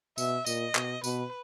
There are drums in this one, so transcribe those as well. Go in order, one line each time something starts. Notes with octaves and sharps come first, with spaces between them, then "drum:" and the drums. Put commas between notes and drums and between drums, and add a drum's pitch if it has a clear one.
B2 E5, drum: tambourine
A#2 D#5, drum: tambourine
B2, drum: clap
B2 B4, drum: tambourine